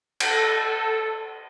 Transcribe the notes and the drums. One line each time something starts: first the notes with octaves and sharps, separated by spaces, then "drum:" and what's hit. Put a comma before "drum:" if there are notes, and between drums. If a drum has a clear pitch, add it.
A4, drum: cymbal